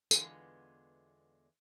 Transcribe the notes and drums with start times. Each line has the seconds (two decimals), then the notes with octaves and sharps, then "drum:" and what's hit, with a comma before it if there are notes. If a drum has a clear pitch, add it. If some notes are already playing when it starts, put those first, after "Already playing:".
0.11 E2 D3 G#3 B3 F4 G#5, drum: tambourine